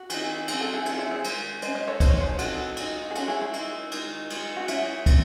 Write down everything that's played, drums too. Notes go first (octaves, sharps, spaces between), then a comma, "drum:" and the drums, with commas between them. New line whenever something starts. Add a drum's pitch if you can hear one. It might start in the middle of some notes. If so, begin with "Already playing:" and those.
Already playing: F#4
E3 C4 D#4, drum: cymbal
F#3 C4 D#4 E4 G#4, drum: cymbal
F#4 A4
E4 G#4
E3 C4 D#4 E4 G#4, drum: cymbal
E4 G#4
G#4 C5
D#3 G#3, drum: cymbal
G#3 C#4 C5 D#5, drum: cymbal
C5 D#5
A4 C#5
E3 A3 D#4 C5, drum: kick, cymbal
C#5
G#4 C5
E3 C4 D#4 F#4 A4, drum: cymbal
G#3 D#4, drum: cymbal
G#4
G#3 C#4 F#4 A4, drum: cymbal
E4 G#4
E4 G#4
G#3 D#4 E4, drum: cymbal
D#3 G#3 D#4, drum: cymbal
G#3 D#4, drum: cymbal
F#4
G#3 C#4 E4, drum: cymbal
F#3 C4, drum: kick, cymbal